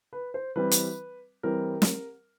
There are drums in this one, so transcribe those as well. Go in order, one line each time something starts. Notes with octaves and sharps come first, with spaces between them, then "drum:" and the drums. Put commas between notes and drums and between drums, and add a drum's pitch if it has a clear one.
B4
C5
E3 G3 C4 B4
drum: hi-hat
E3 G3 C4 A#4
drum: snare